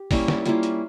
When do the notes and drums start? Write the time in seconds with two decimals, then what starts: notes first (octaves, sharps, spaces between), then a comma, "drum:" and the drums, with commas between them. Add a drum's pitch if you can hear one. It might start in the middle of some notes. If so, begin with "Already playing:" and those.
Already playing: G4
0.11 G3 A#3 C#4 E4, drum: kick, open hi-hat
0.28 drum: snare
0.46 G3 A#3 C#4 E4 F4, drum: hi-hat
0.63 drum: hi-hat